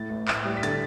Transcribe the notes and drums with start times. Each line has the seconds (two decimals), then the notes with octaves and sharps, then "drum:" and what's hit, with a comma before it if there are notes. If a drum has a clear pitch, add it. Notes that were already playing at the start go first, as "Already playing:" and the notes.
Already playing: A2 A6
0.10 A1
0.28 A1 A6, drum: clap
0.45 G3
0.57 B6
0.63 D3 A6, drum: hi-hat